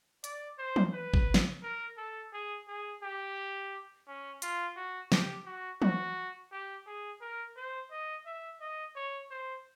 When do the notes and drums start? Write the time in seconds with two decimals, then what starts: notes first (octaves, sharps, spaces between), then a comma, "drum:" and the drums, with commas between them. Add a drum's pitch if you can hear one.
0.24 D5, drum: hi-hat
0.58 C5
0.76 drum: tom
0.93 B4
1.14 drum: kick
1.34 drum: snare
1.63 A#4
1.97 A4
2.33 G#4
2.68 G#4
3.03 G4
4.07 C#4
4.42 F4, drum: hi-hat
4.77 F#4
5.12 G4, drum: snare
5.46 F#4
5.82 F#4, drum: tom
6.52 G4
6.87 G#4
7.21 A#4
7.56 C5
7.91 D#5
8.26 E5
8.60 D#5
8.96 C#5
9.31 C5